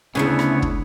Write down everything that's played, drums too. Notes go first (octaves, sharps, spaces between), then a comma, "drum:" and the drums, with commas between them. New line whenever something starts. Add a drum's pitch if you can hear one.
D2 C#3 B3 C4 D4 E4 G#4 C#5
drum: rim click
drum: kick